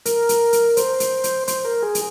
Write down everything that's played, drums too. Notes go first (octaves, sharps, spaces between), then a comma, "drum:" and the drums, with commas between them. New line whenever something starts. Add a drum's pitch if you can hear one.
A#4, drum: hi-hat
drum: hi-hat
drum: hi-hat
C5, drum: hi-hat
drum: hi-hat
drum: hi-hat
C5, drum: hi-hat
A#4
G#4
drum: hi-hat